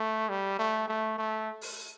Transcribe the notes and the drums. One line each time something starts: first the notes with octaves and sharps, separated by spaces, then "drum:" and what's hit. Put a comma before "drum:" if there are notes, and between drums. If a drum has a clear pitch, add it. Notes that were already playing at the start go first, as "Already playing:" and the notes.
Already playing: A3
G3
A3
A3
A3
drum: open hi-hat